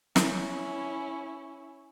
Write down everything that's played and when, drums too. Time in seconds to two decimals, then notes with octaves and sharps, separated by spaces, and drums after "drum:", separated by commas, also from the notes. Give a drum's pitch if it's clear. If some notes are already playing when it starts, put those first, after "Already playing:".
0.16 C#4 E4, drum: snare